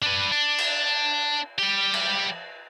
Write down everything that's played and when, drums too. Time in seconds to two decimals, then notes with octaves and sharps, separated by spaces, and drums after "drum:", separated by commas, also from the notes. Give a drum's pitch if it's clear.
0.03 D4 B4
0.32 D4
0.58 drum: cymbal
1.59 G3 G4
1.94 drum: cymbal